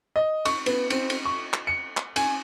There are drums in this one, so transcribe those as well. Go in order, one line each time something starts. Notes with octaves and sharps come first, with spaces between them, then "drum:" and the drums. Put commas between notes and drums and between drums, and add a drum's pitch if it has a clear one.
D#5
C#6, drum: cymbal
B3, drum: cymbal
C4, drum: cymbal
drum: cymbal
C#6
drum: clap
C#7
drum: clap
G#5, drum: cymbal